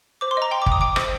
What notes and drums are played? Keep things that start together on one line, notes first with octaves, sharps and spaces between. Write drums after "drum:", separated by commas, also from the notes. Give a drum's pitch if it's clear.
C5 D6
C6
D#5 A#5
G5 C6
D6
G5, drum: kick G1
D#6
G5 D6
C5 D#6, drum: rim click